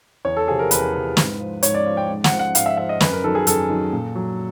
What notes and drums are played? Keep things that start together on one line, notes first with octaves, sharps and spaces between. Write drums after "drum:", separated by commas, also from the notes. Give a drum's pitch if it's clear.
E2 C#5
A4
C3 F3 G#4
A#4
E2 B4, drum: hi-hat
C3 F3
G#2, drum: snare
F3
G#2 C#5, drum: hi-hat
D5
F3
G5
G#2
F#5, drum: snare
F3
F#5
G#2 F5, drum: hi-hat
E5
F3 E5
D#5
F#2 B4, drum: snare
A#4
D#3 F#3 A4
G#4
F#2 A4, drum: hi-hat
D#3 F#3
A#2
F#3